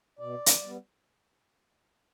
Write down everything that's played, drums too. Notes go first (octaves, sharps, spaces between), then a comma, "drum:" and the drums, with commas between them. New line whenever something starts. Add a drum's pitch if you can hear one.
B2 D5
drum: hi-hat
G3 B3